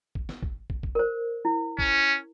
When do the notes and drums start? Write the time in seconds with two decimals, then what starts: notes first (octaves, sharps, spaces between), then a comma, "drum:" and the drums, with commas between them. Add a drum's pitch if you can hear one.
0.15 drum: kick
0.29 drum: snare
0.43 drum: kick
0.70 drum: kick
0.83 drum: kick
0.95 A#4 C5
1.45 E4
1.79 C#4, drum: kick